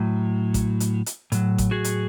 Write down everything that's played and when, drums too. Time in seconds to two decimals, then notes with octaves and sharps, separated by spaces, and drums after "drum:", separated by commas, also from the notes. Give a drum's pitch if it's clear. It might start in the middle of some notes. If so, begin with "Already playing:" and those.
Already playing: A2 F#3
0.54 drum: kick A1, hi-hat
0.80 drum: hi-hat
1.06 drum: hi-hat
1.32 A2 F#3, drum: hi-hat
1.58 drum: kick A1, hi-hat
1.71 F#4 G#4
1.84 drum: hi-hat